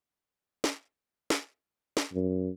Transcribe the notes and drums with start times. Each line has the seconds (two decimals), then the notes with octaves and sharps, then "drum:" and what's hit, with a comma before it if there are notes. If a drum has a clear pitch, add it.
0.64 drum: snare
1.30 drum: snare
1.97 drum: snare
2.13 F#2